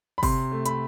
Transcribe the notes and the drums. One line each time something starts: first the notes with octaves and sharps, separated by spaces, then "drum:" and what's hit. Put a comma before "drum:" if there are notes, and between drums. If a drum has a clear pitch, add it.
B5
C3 C6, drum: kick, open hi-hat
A3
B5, drum: hi-hat